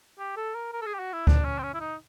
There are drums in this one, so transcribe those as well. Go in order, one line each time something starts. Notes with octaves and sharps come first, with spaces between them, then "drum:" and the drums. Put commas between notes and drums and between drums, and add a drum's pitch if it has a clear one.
G4
A4
A#4
A#4
A4
G#4
G4
F#4
E4
D4, drum: kick D2
C#4
C4
C#4
E4
D#4